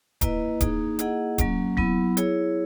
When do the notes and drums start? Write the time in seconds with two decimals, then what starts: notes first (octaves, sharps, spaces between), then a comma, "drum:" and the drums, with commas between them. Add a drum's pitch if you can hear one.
0.21 A#3 E4 B4 D#5, drum: kick D1, hi-hat
0.60 A#3 D#4 G#4, drum: kick D1, hi-hat
0.99 A#3 E4 G#4 D#5 F#5, drum: hi-hat
1.38 F#3 A#3 C#4, drum: kick D1, hi-hat
1.77 F#3 B3 E4, drum: kick D1
2.17 E4 G#4 C#5, drum: hi-hat